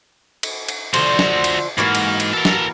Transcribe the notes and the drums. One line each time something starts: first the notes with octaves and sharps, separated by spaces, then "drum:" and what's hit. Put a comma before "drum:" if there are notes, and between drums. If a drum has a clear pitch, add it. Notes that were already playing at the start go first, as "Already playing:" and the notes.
drum: cymbal
drum: cymbal
D3 F3 F#4 C5, drum: cymbal
drum: snare
drum: cymbal
G#2 E3 A#3 F#4
drum: cymbal
drum: cymbal
A4 A#4
drum: snare